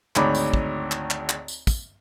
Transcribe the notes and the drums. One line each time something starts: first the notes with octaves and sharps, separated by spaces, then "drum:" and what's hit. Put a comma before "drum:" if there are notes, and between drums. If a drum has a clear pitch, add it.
G#1 D2 D#4 C#5 B5 D6, drum: clap
drum: tambourine
drum: kick
drum: clap
drum: clap
drum: clap
drum: tambourine
drum: kick, tambourine